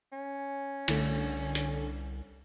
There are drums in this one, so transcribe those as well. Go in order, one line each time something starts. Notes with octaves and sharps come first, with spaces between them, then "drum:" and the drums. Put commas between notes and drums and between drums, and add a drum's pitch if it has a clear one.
C#4
C2 D3 A3 E4, drum: cymbal
drum: hi-hat